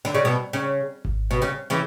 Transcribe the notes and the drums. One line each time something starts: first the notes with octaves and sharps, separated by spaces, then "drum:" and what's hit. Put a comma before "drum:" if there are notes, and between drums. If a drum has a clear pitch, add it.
D3
C#3
B2
C#3
drum: kick G#1
B2
C#3
C#3 E3